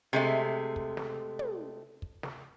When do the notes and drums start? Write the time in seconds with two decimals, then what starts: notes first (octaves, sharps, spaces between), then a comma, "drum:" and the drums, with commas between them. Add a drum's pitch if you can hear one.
0.13 C3 G#3 A3
0.76 drum: kick
0.97 drum: snare
1.39 drum: tom
2.02 drum: kick
2.23 drum: snare